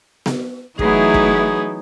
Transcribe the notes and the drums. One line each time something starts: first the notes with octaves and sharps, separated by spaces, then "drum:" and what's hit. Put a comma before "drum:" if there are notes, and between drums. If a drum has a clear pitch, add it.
drum: snare B3
E3 F#3 A3 B3 D#4 E4 G#4, drum: kick
drum: kick